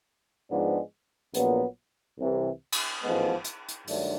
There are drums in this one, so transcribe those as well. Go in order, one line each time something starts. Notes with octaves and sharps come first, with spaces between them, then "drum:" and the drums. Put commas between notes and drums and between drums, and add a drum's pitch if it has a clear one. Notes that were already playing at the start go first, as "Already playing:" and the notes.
G#2 F3 G#3 B3 D4
A#1 A#2 F#3 B3, drum: hi-hat
C2 C3 E3
drum: cymbal
A1 G#2 F3 G#3 B3
drum: hi-hat
drum: hi-hat
G2 D#3 F#3 A3 D4, drum: open hi-hat